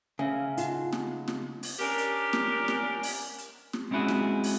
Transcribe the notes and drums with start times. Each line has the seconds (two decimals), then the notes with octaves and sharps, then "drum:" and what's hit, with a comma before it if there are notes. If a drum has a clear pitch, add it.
0.19 C#3 C#4 E5 F5 G#5
0.57 D#4 F4 F#5, drum: hi-hat
0.93 drum: snare
1.28 drum: snare
1.63 drum: open hi-hat
1.80 C#4 D4 G4 A#4
1.98 drum: hi-hat
2.33 drum: snare
2.68 drum: snare
3.03 drum: open hi-hat
3.38 drum: hi-hat
3.73 drum: snare
3.91 G#3 C4 C#4 E4 F#4 G#4
4.08 drum: snare
4.44 drum: open hi-hat